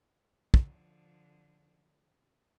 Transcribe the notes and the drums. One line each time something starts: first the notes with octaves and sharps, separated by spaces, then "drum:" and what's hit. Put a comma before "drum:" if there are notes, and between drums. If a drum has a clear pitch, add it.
D3 F3, drum: kick